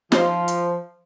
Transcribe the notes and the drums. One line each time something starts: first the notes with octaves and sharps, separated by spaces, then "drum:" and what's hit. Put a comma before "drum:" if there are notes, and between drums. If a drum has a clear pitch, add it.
F3 D#4 F4 C5, drum: snare
drum: hi-hat